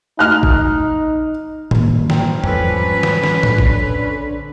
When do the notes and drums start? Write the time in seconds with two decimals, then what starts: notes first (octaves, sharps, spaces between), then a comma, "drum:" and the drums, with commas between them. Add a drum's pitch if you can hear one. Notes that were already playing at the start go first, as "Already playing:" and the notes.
0.19 D#4 F6 F#6
0.43 drum: kick
1.71 G2 D#3 A#3, drum: tom A2
2.10 C4 A#4 G5, drum: snare
2.44 G#2 F3 G3 C#4 A4 B4 D5 G#5, drum: tom E2
3.03 drum: snare
3.24 drum: snare
3.43 D3, drum: tom A2
3.58 drum: kick